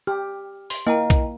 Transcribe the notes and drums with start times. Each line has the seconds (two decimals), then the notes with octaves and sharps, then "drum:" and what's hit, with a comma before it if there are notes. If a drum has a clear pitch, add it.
0.07 G4 F6
0.70 C6, drum: open hi-hat
0.87 A#3 E4 D#5 G5 A#5
1.10 drum: kick, hi-hat